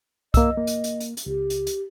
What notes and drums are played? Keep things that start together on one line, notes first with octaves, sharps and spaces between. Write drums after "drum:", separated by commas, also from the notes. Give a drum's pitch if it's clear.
A#3 D#5 E6, drum: kick C2, hi-hat
A#3
drum: hi-hat
drum: hi-hat
drum: hi-hat
drum: hi-hat
C#2 G4
drum: hi-hat
drum: hi-hat